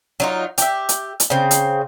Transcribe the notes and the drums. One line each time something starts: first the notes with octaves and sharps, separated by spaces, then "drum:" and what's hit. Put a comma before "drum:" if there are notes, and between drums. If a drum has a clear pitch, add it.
F#3 D#4 F4
G4 E5, drum: hi-hat
drum: hi-hat
drum: hi-hat
C#3 C4
drum: hi-hat